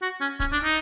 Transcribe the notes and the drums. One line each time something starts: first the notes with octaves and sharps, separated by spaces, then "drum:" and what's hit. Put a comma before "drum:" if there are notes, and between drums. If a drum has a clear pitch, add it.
F#4
C#4
C#4, drum: kick
D4
D#4